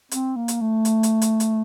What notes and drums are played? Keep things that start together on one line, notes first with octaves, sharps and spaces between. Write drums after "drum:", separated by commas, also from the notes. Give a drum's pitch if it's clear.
C4, drum: hi-hat
A#3
drum: hi-hat
A3
drum: hi-hat
drum: hi-hat
drum: hi-hat
drum: hi-hat